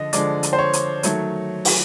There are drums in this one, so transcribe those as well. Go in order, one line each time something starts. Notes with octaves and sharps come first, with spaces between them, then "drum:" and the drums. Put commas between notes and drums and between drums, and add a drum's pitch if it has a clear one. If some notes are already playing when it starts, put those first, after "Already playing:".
Already playing: D3 F3 D#5
D3 F3 G#3 D5, drum: hi-hat
drum: hi-hat
C5
C#5
drum: hi-hat
D#3 F#3 A3 C#5, drum: hi-hat
drum: open hi-hat